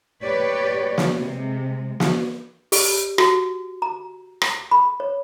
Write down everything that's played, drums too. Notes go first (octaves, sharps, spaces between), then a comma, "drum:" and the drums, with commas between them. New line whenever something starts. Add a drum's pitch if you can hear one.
G4 B4 C#5 D5
drum: snare
C3 G#3
drum: snare
G4, drum: open hi-hat
F#4, drum: rim click
A#5
drum: rim click
B5
C#5